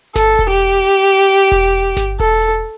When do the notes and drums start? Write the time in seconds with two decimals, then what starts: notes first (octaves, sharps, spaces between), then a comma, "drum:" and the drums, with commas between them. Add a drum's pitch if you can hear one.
0.16 A4, drum: snare G1
0.39 drum: kick E1, hi-hat
0.51 G4
0.61 drum: hi-hat
0.84 drum: hi-hat
1.06 drum: open hi-hat
1.29 drum: hi-hat
1.52 drum: kick E1, hi-hat
1.74 drum: hi-hat
1.97 drum: snare G1
2.20 A4, drum: kick E1, hi-hat
2.42 drum: hi-hat